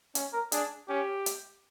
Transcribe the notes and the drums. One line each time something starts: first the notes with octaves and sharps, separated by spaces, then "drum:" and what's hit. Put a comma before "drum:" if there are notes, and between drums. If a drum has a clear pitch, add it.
C#4, drum: hi-hat
A#4
D4 G#4, drum: hi-hat
C#4 G4
drum: hi-hat